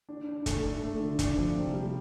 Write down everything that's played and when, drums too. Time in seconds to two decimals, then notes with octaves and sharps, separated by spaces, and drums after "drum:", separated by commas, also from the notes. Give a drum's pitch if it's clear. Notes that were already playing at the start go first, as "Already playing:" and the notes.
0.09 D4
0.27 D4
0.46 A3, drum: kick, hi-hat
0.63 D4
0.83 A3
1.00 D3
1.19 D4, drum: kick, hi-hat
1.37 F3
1.55 C3
1.74 G3